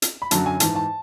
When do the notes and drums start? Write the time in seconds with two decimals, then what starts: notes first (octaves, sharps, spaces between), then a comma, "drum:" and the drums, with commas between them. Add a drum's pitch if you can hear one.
0.02 drum: hi-hat
0.22 B5
0.31 F#2 D3 F#3 A5, drum: hi-hat
0.46 G#5
0.60 G#2 E3 A5, drum: hi-hat
0.75 A5